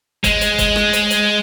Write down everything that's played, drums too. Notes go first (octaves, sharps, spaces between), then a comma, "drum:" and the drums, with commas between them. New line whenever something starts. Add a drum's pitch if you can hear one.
G#3, drum: kick G1, hi-hat
drum: hi-hat
drum: kick G1, hi-hat
drum: rim click
drum: hi-hat
drum: hi-hat